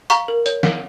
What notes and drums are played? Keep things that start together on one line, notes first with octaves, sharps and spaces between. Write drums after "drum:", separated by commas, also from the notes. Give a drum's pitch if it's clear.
F5 A#5 C#6, drum: hi-hat
A#4
C#5, drum: hi-hat
F5, drum: snare